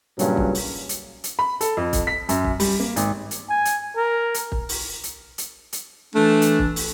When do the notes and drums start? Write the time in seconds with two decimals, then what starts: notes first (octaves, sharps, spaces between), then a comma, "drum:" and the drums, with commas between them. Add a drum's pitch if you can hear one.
0.19 G2 A#2 C#3 F#3 C#4, drum: hi-hat
0.37 drum: kick
0.55 drum: open hi-hat
0.89 drum: hi-hat
1.24 drum: hi-hat
1.39 B5
1.61 A4, drum: hi-hat
1.77 F2
1.93 drum: kick, hi-hat
2.07 B6
2.29 F#2, drum: hi-hat
2.45 drum: kick
2.60 G3, drum: open hi-hat
2.80 A#3
2.96 G#1, drum: hi-hat
3.31 drum: hi-hat
3.50 G#5
3.65 drum: hi-hat
3.96 A#4
4.34 drum: hi-hat
4.52 drum: kick
4.69 drum: open hi-hat
5.03 drum: hi-hat
5.38 drum: hi-hat
5.73 drum: hi-hat
6.15 E3 A3 D4
6.42 drum: hi-hat
6.59 drum: kick
6.76 drum: open hi-hat